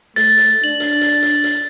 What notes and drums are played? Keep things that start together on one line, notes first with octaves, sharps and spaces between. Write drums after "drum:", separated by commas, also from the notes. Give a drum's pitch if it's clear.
A3 A6, drum: hi-hat
drum: hi-hat
D4 F#7
drum: hi-hat
drum: hi-hat
drum: hi-hat
drum: hi-hat